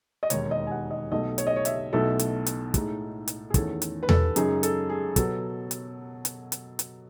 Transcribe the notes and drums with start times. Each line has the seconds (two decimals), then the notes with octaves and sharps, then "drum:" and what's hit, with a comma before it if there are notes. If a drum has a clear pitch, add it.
0.23 D#5
0.30 E1 D#2 D#3 C#5, drum: hi-hat
0.51 D#5
0.67 G#5
0.71 F#5
0.90 D#5
1.12 B1 B2 A3 D#5
1.38 C#5, drum: hi-hat
1.47 D#5
1.56 C#5
1.65 E5, drum: hi-hat
1.93 B1 B2 A3 E4 A4
2.19 drum: hi-hat
2.46 drum: hi-hat
2.74 A2 G#3 D#4, drum: kick, hi-hat
3.28 drum: hi-hat
3.50 G#4
3.54 E2 D#3 A3 C#4 A4, drum: kick, hi-hat
3.82 drum: hi-hat
4.03 B4
4.09 A4, drum: tom E2
4.36 F#2 C#3 G#3 D#4 G#4, drum: hi-hat
4.63 A4, drum: hi-hat
4.90 G#4
5.16 B2 F#3 B3 A4, drum: kick, hi-hat
5.71 drum: hi-hat
6.25 drum: hi-hat
6.52 drum: hi-hat
6.79 drum: hi-hat